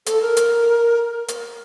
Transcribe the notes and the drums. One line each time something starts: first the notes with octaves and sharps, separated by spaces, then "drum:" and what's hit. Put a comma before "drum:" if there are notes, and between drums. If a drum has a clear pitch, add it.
A4, drum: hi-hat
A#4
drum: hi-hat
drum: hi-hat